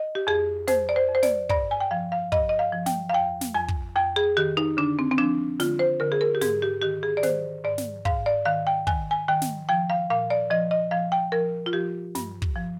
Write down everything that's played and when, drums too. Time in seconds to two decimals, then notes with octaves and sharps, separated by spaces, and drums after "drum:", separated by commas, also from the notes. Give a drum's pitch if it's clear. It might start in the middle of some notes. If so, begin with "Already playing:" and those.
Already playing: D#5
0.15 G4
0.27 F2 G#4
0.68 F2 C5, drum: snare
0.89 D5
0.96 C5
1.09 F2
1.15 C5
1.23 D5, drum: snare
1.49 G2 D5, drum: kick
1.71 G#5
1.80 G5
1.91 F3 F5
2.12 F5
2.32 G2 D#5, drum: kick
2.49 D#5
2.59 F5
2.73 F3
2.86 G5, drum: snare
3.09 F5
3.13 F2 G5
3.41 drum: snare
3.55 F2 G#5
3.68 drum: kick
3.96 F2 G5
4.16 G#4
4.37 D#3 G4
4.57 D#4
4.77 D3 D4
4.99 C4
5.11 C4
5.18 F3 D4
5.60 D3 F4, drum: snare
5.79 C5
6.00 D3 A#4
6.12 G#4
6.21 A#4
6.35 G4
6.41 G#2 G#4, drum: snare
6.62 G4
6.82 D#3 G4
7.03 G#4
7.17 D5
7.23 D#3 C5, drum: snare
7.64 G#2 D5
7.78 drum: snare
8.05 G#2 F5, drum: kick
8.26 D5
8.45 D#3 F5
8.67 G5
8.87 D#3 G#5, drum: kick
9.11 G#5
9.28 D#3 G5
9.42 drum: snare
9.69 F3 G5
9.90 F5
10.10 A#2 F5
10.30 D5
10.50 F3 D#5
10.71 D#5
10.91 F3 F5
11.12 G5
11.32 F3 A#4
11.66 F4
11.73 F3 G4
12.15 G2, drum: snare
12.42 drum: kick
12.56 F3